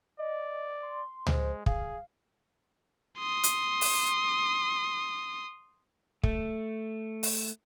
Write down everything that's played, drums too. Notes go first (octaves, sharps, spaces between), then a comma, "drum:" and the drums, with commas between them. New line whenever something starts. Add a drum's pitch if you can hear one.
D5 D#5
C6
G#3 C5, drum: tom C#2
G#4 F5, drum: kick
C6 D#6
drum: hi-hat
drum: open hi-hat
A3, drum: kick
drum: open hi-hat